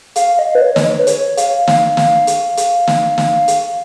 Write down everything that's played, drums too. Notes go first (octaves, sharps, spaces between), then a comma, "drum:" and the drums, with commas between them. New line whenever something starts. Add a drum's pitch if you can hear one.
F5, drum: hi-hat
D#5
B4
C#5
D#5, drum: snare
C#5
B4
C#5, drum: hi-hat
F5, drum: hi-hat
F5, drum: snare
drum: snare
drum: hi-hat
drum: hi-hat
drum: snare
drum: snare
drum: hi-hat